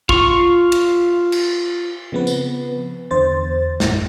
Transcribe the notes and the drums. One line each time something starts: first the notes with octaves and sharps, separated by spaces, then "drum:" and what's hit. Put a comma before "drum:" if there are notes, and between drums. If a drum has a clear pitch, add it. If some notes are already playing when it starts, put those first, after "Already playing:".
F4 C#6, drum: kick
drum: cymbal
drum: cymbal
C#3 F3 B3 C4 B4
drum: tambourine
E2 D3 C5 A6
A#1 F#2 A#2, drum: snare